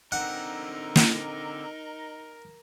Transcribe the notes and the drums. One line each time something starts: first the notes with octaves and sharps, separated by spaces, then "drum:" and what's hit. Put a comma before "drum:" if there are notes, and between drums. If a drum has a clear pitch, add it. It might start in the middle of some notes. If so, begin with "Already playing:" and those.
D3 C4 D#4 A#4 F#5
drum: snare